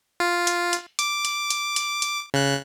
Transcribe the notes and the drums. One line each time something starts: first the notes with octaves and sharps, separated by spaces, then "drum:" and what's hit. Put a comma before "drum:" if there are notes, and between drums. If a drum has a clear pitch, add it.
F4
drum: hi-hat
drum: hi-hat
D6, drum: hi-hat
drum: hi-hat
drum: hi-hat
drum: hi-hat
drum: hi-hat
C#3 F#6